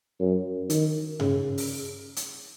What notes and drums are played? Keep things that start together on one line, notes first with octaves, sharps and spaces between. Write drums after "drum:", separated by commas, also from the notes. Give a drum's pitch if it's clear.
F#2
D#3, drum: hi-hat
C#3, drum: tom G2
drum: open hi-hat
drum: hi-hat